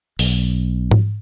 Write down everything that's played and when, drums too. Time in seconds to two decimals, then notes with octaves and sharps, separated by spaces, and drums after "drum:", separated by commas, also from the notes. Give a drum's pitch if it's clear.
0.19 B1, drum: open hi-hat
0.91 drum: tom G#2